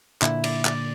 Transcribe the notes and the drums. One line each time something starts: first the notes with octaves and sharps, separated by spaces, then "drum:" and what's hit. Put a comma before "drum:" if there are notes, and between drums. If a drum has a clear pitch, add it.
A#2 D3 E4, drum: clap
D5, drum: cymbal
D5, drum: clap